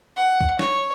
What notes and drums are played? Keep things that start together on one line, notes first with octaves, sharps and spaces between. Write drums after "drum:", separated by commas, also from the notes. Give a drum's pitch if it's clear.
F#5
drum: kick C2
C#5, drum: snare